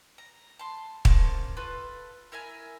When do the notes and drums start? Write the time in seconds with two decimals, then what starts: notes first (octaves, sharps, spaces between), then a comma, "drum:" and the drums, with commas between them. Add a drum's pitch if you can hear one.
0.18 A#5
0.59 A5 C6
1.05 A#3 C#4 C5 A5, drum: kick
1.57 F4 A4 B4
2.32 E4 A#4 E5 G#5